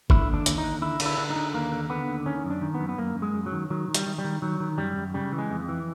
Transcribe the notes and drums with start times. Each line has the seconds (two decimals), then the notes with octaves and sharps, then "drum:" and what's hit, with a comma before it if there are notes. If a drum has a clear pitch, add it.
0.10 D3 E4, drum: kick
0.28 D#2
0.34 D4
0.46 D#2, drum: hi-hat
0.58 D#4
0.64 D3
0.82 D3 E4
1.00 D3, drum: cymbal
1.06 E4
1.18 D3
1.30 D#4
1.36 D3
1.54 D#2 A#3
1.72 D3
1.90 D3 B3
2.08 D#2
2.26 D#3 C#4
2.45 F#2
2.50 D4
2.62 D#3
2.75 B3
2.81 F#2
2.89 B3
2.98 F#2 A#3
3.16 F#2
3.22 G#3
3.34 F#2
3.46 F#3
3.52 D#3
3.70 D#3 F#3
3.88 D#3
3.94 G3, drum: hi-hat
4.06 D#3
4.18 G3
4.24 D#3
4.42 D#3 F#3
4.60 D#3
4.78 F#2 G3
4.97 F#2
5.14 C#3 G3
5.33 E3
5.38 G#3
5.51 F2
5.69 E3